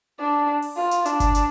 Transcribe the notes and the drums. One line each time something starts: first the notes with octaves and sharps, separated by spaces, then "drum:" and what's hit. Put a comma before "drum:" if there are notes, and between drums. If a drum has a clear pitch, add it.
D4
drum: open hi-hat
F4
drum: hi-hat
D4, drum: hi-hat
drum: kick G1, hi-hat
drum: hi-hat